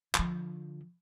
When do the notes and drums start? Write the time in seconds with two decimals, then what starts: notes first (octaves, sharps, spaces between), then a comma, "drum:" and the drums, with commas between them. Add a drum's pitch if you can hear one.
0.15 D3 F3, drum: clap